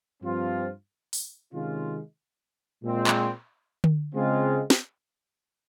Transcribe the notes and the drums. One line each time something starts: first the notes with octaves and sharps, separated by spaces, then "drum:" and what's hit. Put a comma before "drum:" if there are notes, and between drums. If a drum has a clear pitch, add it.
G2 F3 C4 F4
drum: open hi-hat
C3 D#3 G#3 C#4 F4
A#2 G#3 C4
drum: clap
drum: tom D3
C#3 G#3 C4 F4
drum: snare